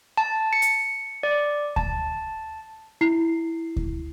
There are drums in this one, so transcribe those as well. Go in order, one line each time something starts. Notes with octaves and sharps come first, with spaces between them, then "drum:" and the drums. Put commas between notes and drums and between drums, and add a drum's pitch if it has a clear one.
A5
C#7
drum: hi-hat
D5
A5, drum: kick D2
E4 C7
drum: kick D2